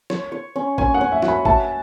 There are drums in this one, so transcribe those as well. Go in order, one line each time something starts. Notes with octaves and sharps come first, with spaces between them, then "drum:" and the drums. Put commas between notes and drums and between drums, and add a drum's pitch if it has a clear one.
C#5, drum: snare
C#5
C#4
C#4 G#5, drum: kick G#1
F#5
C#4
E5
F#4, drum: snare
B5
E5 A5, drum: kick G#1